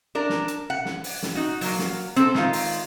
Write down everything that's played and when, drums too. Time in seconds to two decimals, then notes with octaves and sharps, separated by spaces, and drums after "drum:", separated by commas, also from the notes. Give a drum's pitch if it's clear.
0.15 D4 A#4 D5
0.29 drum: snare
0.48 drum: hi-hat
0.70 F#5
0.85 drum: snare
1.04 drum: open hi-hat
1.23 drum: snare
1.35 D#4 F#4
1.61 F#3 A#3, drum: open hi-hat
1.78 drum: snare
2.16 C4 A4, drum: hi-hat
2.34 D#3 G#3 F4, drum: snare
2.53 drum: open hi-hat